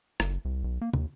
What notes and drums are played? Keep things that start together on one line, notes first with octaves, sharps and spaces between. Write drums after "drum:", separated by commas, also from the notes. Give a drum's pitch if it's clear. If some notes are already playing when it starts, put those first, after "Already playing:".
F#1, drum: rim click
C2
B1
A#3
D#2, drum: tom